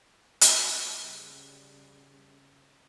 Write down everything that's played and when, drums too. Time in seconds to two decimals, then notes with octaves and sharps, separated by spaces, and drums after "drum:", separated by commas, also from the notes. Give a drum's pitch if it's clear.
0.41 drum: hi-hat
1.01 C#3 G3